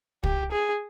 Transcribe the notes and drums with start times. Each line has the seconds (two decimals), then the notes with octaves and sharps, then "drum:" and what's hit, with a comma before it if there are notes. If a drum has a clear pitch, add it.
0.24 G4, drum: kick
0.52 G#4